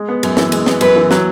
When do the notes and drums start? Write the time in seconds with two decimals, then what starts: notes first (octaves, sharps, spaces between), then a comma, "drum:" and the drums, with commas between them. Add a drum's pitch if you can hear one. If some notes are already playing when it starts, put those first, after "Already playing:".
Already playing: G#3
0.08 B3
0.23 F#2, drum: cymbal
0.37 E3, drum: snare
0.52 G#3, drum: cymbal
0.66 B3, drum: snare
0.81 F#2 B4, drum: cymbal
0.96 E3
1.11 F#3, drum: snare